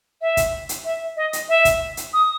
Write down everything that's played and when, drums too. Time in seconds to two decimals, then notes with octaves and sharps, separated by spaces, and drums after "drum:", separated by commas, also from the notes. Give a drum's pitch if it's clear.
0.21 E5
0.37 drum: kick, hi-hat
0.69 drum: hi-hat
0.85 E5
1.17 D#5
1.33 drum: hi-hat
1.49 E5
1.65 drum: kick, hi-hat
1.97 drum: hi-hat
2.14 D#6